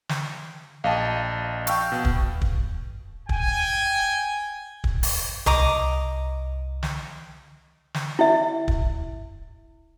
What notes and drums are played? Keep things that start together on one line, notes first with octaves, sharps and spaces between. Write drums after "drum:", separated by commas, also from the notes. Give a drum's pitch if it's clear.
drum: snare
A#1 D#5 F5 G5 A5
F5 G5 C#6 E6 G6, drum: hi-hat
B2
drum: kick
drum: kick
G5 G#5, drum: kick
drum: kick
drum: open hi-hat
C2 D#5 A#5 D6, drum: tom C#2
drum: snare
drum: snare
E4 E5
drum: kick